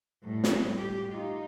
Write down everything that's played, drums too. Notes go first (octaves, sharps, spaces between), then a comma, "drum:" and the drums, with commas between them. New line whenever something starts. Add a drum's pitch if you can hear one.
A2 G3
drum: snare
G4
D#4 F4